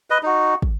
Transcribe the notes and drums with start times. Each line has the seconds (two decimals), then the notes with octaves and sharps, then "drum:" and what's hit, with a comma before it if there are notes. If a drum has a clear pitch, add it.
0.10 B4 D#5
0.23 D#4 F#4
0.62 drum: kick